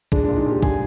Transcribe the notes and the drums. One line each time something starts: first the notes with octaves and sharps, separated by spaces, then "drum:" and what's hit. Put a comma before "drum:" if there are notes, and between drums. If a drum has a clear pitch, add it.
G#3 D4, drum: kick
D4
A#2
D#4
A#2 G4
G#3 G#4, drum: kick